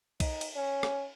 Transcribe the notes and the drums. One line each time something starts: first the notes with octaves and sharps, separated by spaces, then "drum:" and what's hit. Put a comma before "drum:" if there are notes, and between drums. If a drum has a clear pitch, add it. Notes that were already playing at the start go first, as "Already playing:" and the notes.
D#4, drum: kick B1, cymbal
drum: cymbal
C#4
drum: rim click